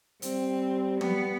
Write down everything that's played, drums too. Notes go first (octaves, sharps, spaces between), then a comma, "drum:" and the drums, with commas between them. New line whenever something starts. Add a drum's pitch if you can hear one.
G3 C4, drum: hi-hat
B3, drum: tom